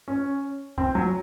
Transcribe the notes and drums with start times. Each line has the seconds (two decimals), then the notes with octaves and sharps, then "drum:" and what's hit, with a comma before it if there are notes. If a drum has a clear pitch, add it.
0.08 C#4
0.78 C4, drum: kick C2
0.95 F#3